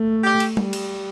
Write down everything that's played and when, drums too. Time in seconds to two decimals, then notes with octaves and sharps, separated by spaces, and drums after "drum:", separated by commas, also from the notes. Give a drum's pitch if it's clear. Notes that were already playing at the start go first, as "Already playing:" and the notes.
Already playing: A3
0.24 G4
0.40 drum: cymbal
0.57 G3, drum: tom G3
0.73 drum: cymbal